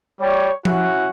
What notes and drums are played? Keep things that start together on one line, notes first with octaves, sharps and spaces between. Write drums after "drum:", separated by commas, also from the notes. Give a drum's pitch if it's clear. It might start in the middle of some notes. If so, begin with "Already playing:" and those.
G3 C#5
C#4 E4 F#4 F#5, drum: tom F3